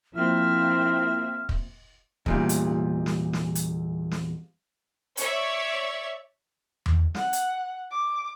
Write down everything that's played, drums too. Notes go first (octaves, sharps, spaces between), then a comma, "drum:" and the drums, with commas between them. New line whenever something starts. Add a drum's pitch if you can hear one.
F3 A#3 C4 E4 E5 F6
drum: kick
E2 A#2 G3, drum: kick
drum: hi-hat
drum: snare
drum: snare
drum: hi-hat
drum: snare
C#5 D5 E5, drum: hi-hat
drum: tom E2
F#5, drum: snare
drum: hi-hat
D6